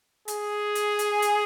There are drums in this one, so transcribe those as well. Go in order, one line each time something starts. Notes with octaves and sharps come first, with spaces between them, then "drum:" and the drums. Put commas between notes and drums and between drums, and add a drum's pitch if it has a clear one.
G#4, drum: hi-hat
drum: hi-hat
drum: hi-hat
drum: hi-hat